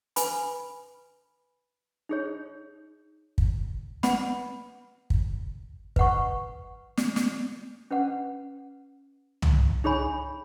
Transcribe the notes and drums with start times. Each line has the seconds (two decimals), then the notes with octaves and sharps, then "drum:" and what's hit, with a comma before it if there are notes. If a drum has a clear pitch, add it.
0.16 B4 G#5 B5, drum: hi-hat
2.09 D#4 G#4 C#5
3.38 drum: kick
4.03 B4 F#5 B5, drum: snare
5.10 drum: kick
5.96 B4 F#5 C#6, drum: kick
6.97 drum: snare
7.16 drum: snare
7.91 C#4 B4 F#5
9.42 drum: tom
9.84 D#4 G#4 C#5 G#5 B5